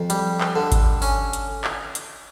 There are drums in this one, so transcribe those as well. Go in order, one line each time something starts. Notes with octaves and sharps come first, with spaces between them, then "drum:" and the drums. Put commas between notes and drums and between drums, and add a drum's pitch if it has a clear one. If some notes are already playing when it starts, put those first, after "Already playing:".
Already playing: F2
G3, drum: hi-hat
drum: clap
D3
drum: kick G#1, hi-hat
C#4, drum: open hi-hat
drum: hi-hat
drum: clap
drum: hi-hat